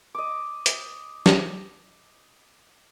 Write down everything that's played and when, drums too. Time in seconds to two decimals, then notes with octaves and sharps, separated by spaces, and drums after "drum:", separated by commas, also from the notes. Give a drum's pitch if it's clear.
0.15 D#5 D6
0.66 drum: hi-hat
1.26 drum: snare